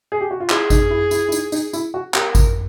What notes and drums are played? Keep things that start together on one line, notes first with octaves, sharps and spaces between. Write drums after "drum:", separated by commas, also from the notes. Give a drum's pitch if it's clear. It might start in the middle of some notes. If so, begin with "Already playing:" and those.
G#4
G4
F#4
F4
E4 G#4, drum: clap
D#4, drum: kick G#1, tambourine
E4
E4, drum: tambourine
E4
D#4, drum: tambourine
D#4, drum: tambourine
E4, drum: tambourine
F#4
G4 A#4, drum: clap
drum: kick G#1, tambourine